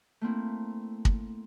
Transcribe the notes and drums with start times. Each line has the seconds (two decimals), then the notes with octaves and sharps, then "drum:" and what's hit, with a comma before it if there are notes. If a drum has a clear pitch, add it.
0.21 A3 A#3 C4 E4
1.05 drum: kick